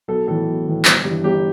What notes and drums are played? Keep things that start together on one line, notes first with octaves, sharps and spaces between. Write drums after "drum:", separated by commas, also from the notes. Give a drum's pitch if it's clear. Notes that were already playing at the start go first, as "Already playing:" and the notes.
B1 A4
A2 E3 A4
B1
A2 E3
G1, drum: clap
G2
E3
G1 G4